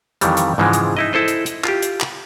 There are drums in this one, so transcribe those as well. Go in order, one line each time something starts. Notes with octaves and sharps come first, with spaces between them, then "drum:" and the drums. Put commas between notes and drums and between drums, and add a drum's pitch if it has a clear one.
F2 D#3 E3 G3, drum: hi-hat
drum: hi-hat
G#2 C#3 E3 F3 G#3
drum: hi-hat
D#4 E4 D#5
E4 A4 C5 D#5
drum: hi-hat
drum: hi-hat
F4 G4, drum: clap
drum: hi-hat
drum: clap